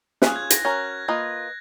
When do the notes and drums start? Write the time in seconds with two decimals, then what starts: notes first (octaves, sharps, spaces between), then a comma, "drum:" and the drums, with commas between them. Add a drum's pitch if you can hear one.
0.22 C#4 F4 G#4 F#6, drum: snare
0.36 G#6
0.50 A#6, drum: hi-hat
0.64 C#4 F#4 A#4 G#6
1.08 A#3 F4 B4 D#5